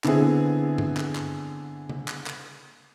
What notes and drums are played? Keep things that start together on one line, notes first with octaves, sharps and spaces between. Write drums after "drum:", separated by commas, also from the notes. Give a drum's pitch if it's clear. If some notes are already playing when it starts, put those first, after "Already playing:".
D3 B3 C4 E4 G#4, drum: clap
drum: tom G2
drum: clap
drum: clap
drum: tom C#3
drum: clap
drum: clap